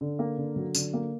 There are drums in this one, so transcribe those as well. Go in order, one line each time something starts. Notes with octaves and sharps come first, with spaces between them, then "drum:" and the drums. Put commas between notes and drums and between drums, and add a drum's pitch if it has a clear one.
D3
A#3
D3
F#3
D3, drum: tambourine
A#3